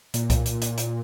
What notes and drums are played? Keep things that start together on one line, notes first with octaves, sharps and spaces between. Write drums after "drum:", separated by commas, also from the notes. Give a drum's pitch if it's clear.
A#2, drum: hi-hat
drum: kick C2, hi-hat
drum: hi-hat
drum: hi-hat
drum: hi-hat